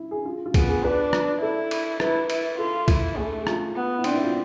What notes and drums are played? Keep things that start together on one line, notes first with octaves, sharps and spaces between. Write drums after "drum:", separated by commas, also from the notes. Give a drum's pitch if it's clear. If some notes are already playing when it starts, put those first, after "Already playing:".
Already playing: E4
G#4
F4
F4
B3 G#4, drum: kick B1, cymbal
G#4
D4 B4
drum: rim click
E4 A4
drum: cymbal
E4 B4, drum: rim click
E4, drum: cymbal
F4 A4
E4, drum: kick B1, cymbal
A3 G#4
A4
G#4
F4, drum: rim click
B3
E4
C4 D4, drum: cymbal
E4
F4